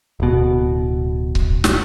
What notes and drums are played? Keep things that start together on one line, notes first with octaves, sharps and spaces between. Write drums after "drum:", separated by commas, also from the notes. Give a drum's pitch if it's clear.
D1 B2
drum: kick C#1
drum: snare